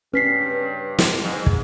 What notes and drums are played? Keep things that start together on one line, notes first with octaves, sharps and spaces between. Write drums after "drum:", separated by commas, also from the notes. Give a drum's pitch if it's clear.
G2 C#4 B4 B6 C7
drum: snare
G#2
drum: kick